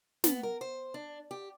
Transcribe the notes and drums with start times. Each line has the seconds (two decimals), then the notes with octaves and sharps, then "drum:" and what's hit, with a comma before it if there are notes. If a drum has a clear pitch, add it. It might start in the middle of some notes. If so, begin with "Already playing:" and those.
0.24 B3, drum: snare
0.43 A#4
0.61 C5
0.94 D4
1.31 G4